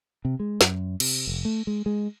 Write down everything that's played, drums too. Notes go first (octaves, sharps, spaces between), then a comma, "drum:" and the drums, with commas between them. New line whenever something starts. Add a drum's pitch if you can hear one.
C3
G#3
F#2, drum: snare
C3, drum: cymbal
F1
A3
G#3
G#3